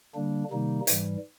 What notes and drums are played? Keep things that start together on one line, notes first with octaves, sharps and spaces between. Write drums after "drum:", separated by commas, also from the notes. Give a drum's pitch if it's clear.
D3 G3 A#3 D4
C3 D#3 G3 A#3 D#4
G#2 E3 G3, drum: hi-hat